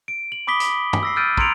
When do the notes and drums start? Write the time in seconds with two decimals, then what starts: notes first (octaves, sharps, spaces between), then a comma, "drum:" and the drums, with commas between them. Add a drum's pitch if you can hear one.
0.08 D7
0.32 F#7
0.47 B5 D6 D#6 B6 G7
0.60 drum: hi-hat
0.93 drum: tom
1.03 E6 A#6 C7
1.16 E6 F6 G6 A6 D7 D#7
1.37 A#5 C6 G#6 C#7 D7 F7, drum: kick